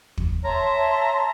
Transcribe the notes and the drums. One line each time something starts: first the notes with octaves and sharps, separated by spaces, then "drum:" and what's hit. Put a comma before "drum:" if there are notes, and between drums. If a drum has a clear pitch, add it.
drum: kick
C#5 E5 A5 A#5 C6
C#5